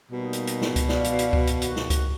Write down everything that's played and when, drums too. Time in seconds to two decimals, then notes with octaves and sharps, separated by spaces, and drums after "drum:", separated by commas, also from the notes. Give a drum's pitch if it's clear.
0.11 B2 G3 A#3 D#4
0.33 drum: hi-hat
0.47 drum: hi-hat
0.62 drum: snare
0.76 drum: kick C#2, hi-hat
0.89 D5 F5, drum: snare
1.04 drum: hi-hat
1.19 drum: hi-hat
1.33 drum: kick C#2
1.47 drum: hi-hat
1.62 D#2 F#4, drum: hi-hat
1.76 drum: snare
1.90 drum: kick C#2, hi-hat